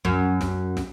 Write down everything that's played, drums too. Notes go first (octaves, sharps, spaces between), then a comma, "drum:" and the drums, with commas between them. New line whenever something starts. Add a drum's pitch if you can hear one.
F#2, drum: kick
drum: snare
drum: snare